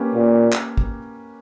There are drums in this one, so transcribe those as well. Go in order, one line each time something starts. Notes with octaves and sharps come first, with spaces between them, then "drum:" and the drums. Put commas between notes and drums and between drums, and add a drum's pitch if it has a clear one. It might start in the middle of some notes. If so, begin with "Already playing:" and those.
Already playing: A#3 C#4 G4 B4
A#2
drum: clap
drum: kick